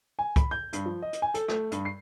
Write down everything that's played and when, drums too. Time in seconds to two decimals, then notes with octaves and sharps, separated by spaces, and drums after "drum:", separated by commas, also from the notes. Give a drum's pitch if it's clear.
0.19 G#5
0.36 B5, drum: kick, hi-hat
0.51 G6
0.73 G2, drum: hi-hat
0.86 F3
1.02 D#5
1.13 drum: hi-hat
1.22 G#5
1.34 A4, drum: hi-hat
1.48 A3, drum: rim click
1.71 G2, drum: hi-hat
1.85 C7